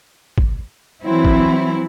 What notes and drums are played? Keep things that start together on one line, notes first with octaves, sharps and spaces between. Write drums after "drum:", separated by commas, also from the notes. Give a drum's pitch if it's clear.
drum: kick
E3 F#3 C4 E4
drum: kick